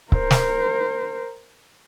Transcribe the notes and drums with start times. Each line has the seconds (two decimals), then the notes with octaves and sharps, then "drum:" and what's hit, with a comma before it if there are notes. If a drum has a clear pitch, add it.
0.12 A#4 C5, drum: kick C#1
0.31 drum: snare